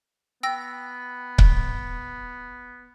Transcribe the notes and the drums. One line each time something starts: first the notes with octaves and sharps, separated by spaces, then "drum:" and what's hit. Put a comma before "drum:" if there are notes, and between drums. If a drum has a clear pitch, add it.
B3 G5 E6 A#6
drum: kick C#1